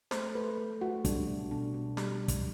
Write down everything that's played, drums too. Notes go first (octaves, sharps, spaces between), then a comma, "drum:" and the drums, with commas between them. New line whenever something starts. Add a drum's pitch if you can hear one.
A3 C5, drum: snare
A3 B4
A3
A3 F#4
G3 D4, drum: kick, hi-hat
B2
B2 D4
B2
G3, drum: snare
drum: kick, hi-hat